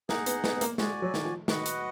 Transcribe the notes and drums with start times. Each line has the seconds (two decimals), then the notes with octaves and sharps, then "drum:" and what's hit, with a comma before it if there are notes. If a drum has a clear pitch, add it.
0.09 A#3 D#4 G#4 D#5 F#5, drum: snare
0.26 B3, drum: hi-hat
0.44 B3, drum: snare
0.56 B3
0.61 A#3, drum: hi-hat
0.78 G#3 F#4 D5 G#5, drum: snare
1.02 F#3
1.14 D#3, drum: snare
1.25 F3
1.48 D#3 F#4 B4 D#5 F#5, drum: snare
1.66 drum: hi-hat